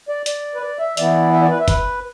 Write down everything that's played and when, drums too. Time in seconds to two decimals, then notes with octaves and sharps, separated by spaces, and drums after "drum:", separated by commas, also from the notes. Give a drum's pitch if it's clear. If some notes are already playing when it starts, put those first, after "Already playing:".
0.09 D5
0.26 D5, drum: hi-hat
0.55 B4
0.62 D5
0.79 E5
0.97 E3 B3 E4 D5, drum: hi-hat
1.33 E5
1.41 D5
1.50 B4
1.60 E5
1.68 B4, drum: kick, hi-hat